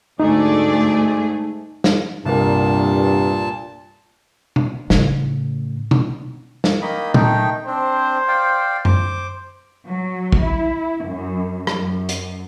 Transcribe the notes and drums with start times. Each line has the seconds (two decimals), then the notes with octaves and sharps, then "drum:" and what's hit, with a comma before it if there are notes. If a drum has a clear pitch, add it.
0.20 D2 G#2 A3 D#4 G#4 D5
1.84 drum: snare
2.25 C2 G2 A#2 A#3 A5
4.56 drum: tom B2
4.90 A2 C#3, drum: snare
5.91 drum: tom B2
6.64 drum: snare
6.82 D#3 A#3 D#5 B5
7.14 A3 D#4 G5, drum: tom A#2
7.67 C4 D4 C5
8.28 D5 F5 G5
8.85 C5 D6, drum: tom F#2
9.89 F#3
10.32 drum: kick
10.44 E4
11.07 F#2
11.67 drum: rim click
11.78 F#2
12.09 drum: hi-hat